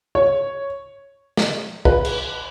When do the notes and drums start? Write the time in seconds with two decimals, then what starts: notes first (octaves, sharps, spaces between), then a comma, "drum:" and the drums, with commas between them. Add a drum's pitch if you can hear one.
0.15 C#5
1.37 drum: snare
1.85 B4, drum: kick
2.05 drum: cymbal